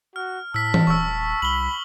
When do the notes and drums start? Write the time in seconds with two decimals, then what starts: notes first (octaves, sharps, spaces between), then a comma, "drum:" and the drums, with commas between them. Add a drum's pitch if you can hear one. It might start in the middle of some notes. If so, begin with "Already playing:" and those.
0.16 F#4 F6
0.54 A2 A5 E6 B6
0.74 drum: tom E3
0.87 D#1 C#6 E6
1.42 C2 B5 F#7 G7